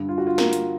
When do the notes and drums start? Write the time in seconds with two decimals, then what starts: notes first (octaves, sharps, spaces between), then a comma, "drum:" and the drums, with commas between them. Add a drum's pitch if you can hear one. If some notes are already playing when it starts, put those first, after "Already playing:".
Already playing: G2 D3
0.09 F4
0.18 F#4
0.27 F4
0.38 A#4, drum: snare
0.53 drum: hi-hat